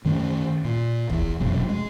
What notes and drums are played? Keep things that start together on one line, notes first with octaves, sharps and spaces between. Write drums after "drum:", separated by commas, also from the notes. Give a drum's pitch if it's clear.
F#2 D#3 A3 C#4
A#2
E2 E3, drum: kick
F1 F#2 B2
G#3